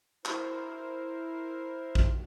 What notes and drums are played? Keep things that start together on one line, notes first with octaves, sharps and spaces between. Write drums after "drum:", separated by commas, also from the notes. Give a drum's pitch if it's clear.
E4 A#4 C5, drum: clap
drum: kick